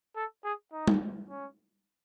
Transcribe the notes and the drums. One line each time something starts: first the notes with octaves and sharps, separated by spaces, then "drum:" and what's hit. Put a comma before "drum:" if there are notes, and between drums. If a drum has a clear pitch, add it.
A4
G#4
D#4
drum: tom G3
C#4